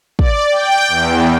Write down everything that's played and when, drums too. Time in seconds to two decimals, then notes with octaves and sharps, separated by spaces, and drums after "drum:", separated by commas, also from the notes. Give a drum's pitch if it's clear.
0.19 D5, drum: kick
0.51 G5
0.88 E2